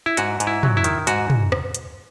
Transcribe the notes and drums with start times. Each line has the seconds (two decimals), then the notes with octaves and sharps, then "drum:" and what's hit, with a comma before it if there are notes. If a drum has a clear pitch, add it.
0.06 E4
0.17 G#2 F#4, drum: hi-hat
0.40 G#2, drum: hi-hat
0.47 E4
0.63 F#3, drum: tom
0.77 E4
0.84 D#3, drum: hi-hat
1.07 G#2 F#4, drum: hi-hat
1.30 drum: tom
1.52 drum: rim click
1.74 drum: hi-hat